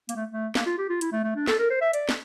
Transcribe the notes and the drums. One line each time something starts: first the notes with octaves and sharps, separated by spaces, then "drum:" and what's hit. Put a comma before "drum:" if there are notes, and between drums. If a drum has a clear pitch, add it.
A#3, drum: hi-hat
A3
A3
A#3, drum: snare
F4
G4
F4
E4, drum: hi-hat
A3
A3
D4
A4, drum: snare
A#4
C5
E5
D5, drum: hi-hat
drum: snare